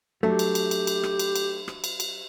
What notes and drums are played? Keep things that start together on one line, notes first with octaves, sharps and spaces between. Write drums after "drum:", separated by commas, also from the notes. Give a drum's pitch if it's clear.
F#3 A3 D4 G4
drum: cymbal
drum: cymbal
drum: cymbal
drum: cymbal
drum: rim click
drum: cymbal
drum: cymbal
drum: rim click
drum: cymbal
drum: cymbal